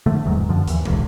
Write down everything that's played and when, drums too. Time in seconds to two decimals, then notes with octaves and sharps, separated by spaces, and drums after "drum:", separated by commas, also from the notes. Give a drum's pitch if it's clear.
0.06 D3 F3 A3
0.24 D1 E2 G#2 F#3
0.49 F#2 D3 F3
0.68 D#2 E3, drum: hi-hat
0.85 D1 A#1, drum: tom